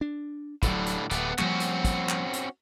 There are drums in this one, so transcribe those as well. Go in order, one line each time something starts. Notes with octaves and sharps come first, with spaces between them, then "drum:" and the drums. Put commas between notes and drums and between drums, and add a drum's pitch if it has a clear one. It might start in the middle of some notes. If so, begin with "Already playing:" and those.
D4
D1 A2 D3 F#3 G3, drum: kick, hi-hat
drum: hi-hat
D1 A3 B3 G4, drum: hi-hat
F3 G3 A#3 C4 C#4 F#4, drum: clap
drum: hi-hat
drum: kick, hi-hat
drum: clap
drum: hi-hat